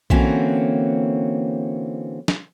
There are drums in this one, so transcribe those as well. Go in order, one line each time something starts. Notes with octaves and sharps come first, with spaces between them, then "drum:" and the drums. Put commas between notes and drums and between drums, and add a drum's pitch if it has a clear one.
D3 E3 A#3 C4 C#4 F#4, drum: kick B1
drum: snare